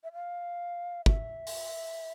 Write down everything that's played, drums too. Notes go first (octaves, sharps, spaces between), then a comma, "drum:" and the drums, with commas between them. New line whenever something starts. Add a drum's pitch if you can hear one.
E5
F5
E5, drum: kick
drum: open hi-hat